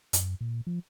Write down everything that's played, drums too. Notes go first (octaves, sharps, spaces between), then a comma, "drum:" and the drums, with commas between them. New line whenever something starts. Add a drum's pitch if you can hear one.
F#2, drum: hi-hat
A#2
F3